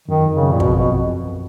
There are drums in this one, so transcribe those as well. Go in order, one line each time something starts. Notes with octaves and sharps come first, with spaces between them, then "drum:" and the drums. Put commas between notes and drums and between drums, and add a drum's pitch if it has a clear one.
F#2 D#3
F2
C#3
F#2
A#2
F2 B2, drum: kick
B2